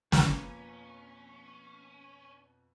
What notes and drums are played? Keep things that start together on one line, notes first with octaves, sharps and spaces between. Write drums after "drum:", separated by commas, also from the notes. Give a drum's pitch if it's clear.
F2 B2 F3 A#3 C#4 F4 B4 C#5, drum: snare